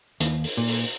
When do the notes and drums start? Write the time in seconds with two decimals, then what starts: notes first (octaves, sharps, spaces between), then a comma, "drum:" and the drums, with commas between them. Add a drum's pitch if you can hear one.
0.20 D#2, drum: hi-hat
0.44 drum: open hi-hat
0.57 A#2
0.68 drum: open hi-hat